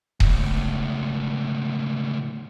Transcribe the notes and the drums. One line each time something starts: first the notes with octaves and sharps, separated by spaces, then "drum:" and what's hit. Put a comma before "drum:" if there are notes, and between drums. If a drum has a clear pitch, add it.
C#2 A2, drum: kick D#1